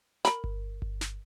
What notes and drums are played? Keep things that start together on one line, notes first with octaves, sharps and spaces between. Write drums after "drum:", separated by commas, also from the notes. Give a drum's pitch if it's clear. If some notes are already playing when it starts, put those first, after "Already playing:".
A#4 B5, drum: snare
drum: kick G1
drum: kick G1
drum: snare